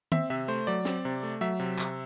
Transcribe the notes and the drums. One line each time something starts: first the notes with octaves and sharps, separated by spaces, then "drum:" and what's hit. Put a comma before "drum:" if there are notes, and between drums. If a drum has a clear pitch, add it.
C4 E5, drum: tom D#3
C3 E5
A3 C5
F#3 D5
C4, drum: snare
C3
A3
F#3 E5
C3
C3, drum: clap